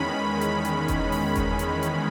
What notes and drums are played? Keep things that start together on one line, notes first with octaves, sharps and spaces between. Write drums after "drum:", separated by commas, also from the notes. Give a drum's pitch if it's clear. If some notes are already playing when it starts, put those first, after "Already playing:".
Already playing: E2 D#3 G#3 C#4 B5
B5, drum: hi-hat
drum: hi-hat
drum: kick F1, hi-hat
B5, drum: open hi-hat
drum: kick F1, hi-hat
drum: hi-hat
drum: hi-hat